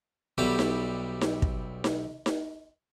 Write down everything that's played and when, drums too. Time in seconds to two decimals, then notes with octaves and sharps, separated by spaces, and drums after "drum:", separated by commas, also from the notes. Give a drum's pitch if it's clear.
0.38 B1 G3 E4 B5 D6
0.59 drum: snare D#4
1.21 drum: snare D#4
1.42 drum: kick
1.84 drum: snare D#4
2.26 drum: snare D#4